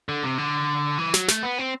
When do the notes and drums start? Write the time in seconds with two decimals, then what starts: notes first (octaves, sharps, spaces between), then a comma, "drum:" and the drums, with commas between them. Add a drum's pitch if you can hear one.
0.09 D3
0.23 C3
0.38 D3
0.98 E3
1.14 F#3, drum: snare
1.28 A3, drum: snare
1.43 B3
1.58 C4